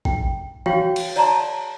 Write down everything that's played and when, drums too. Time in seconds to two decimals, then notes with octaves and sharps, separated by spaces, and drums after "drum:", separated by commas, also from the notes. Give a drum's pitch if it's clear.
0.05 G5, drum: kick A#1
0.66 F#4 C#5 F5 G5 C#6, drum: tom E3
0.96 drum: cymbal
1.16 C#5 D5 F#5 A5 A#5 C6, drum: open hi-hat